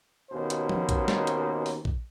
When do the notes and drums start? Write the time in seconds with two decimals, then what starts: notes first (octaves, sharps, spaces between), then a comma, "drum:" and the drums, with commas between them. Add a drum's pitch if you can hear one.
0.31 D#2 B2 A#3 C#4 C5
0.50 drum: hi-hat
0.69 drum: tom F3
0.89 drum: kick A#1, hi-hat
1.08 drum: snare
1.27 drum: hi-hat
1.66 drum: open hi-hat
1.85 drum: kick A#1